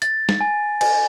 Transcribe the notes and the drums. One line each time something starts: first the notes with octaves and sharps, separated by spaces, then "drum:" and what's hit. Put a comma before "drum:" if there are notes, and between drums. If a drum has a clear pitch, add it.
A6, drum: hi-hat
drum: snare
G#5
G#5, drum: cymbal